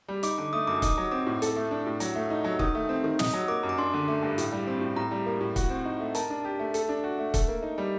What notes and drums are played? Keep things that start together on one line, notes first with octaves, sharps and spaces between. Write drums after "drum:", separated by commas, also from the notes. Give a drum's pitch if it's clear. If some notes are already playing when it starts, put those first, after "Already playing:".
G3
D#4 D6, drum: hi-hat
D3 D6
A3 D#6
F#2 D6
D#4 D#6, drum: kick, hi-hat
F#3
C4 D6
A2
A4, drum: hi-hat
A3
D4
A2
F#3, drum: hi-hat
A3
D#4
F#3
D#3 D#6, drum: kick
A3
C4
D#3
D#4 D#6, drum: snare
F#3
A#3 D6
F#2
D6
D4 C6
D3
A3
G2
A2, drum: hi-hat
G3
C4
A2
A2 A#5
G3
A#3
A2
F#4, drum: kick, hi-hat
C4
D#4
A3
A#4 A5, drum: hi-hat
D4
G4
A3
A4, drum: hi-hat
D4
F#4
A3
A4, drum: kick, hi-hat
A#3
D#4
G3